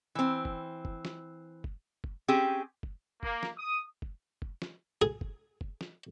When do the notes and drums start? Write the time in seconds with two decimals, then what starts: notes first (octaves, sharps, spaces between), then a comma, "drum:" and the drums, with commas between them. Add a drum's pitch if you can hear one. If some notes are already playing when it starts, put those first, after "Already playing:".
0.15 E3 C4
0.45 drum: kick
0.85 drum: kick
1.05 drum: snare
1.64 drum: kick
2.04 drum: kick
2.28 C4 C#4 G4 G#4
2.83 drum: kick
3.23 A#3, drum: kick
3.43 drum: snare
3.57 D#6
4.02 drum: kick
4.42 drum: kick
4.62 drum: snare
5.02 G#4
5.21 drum: kick
5.61 drum: kick
5.81 drum: snare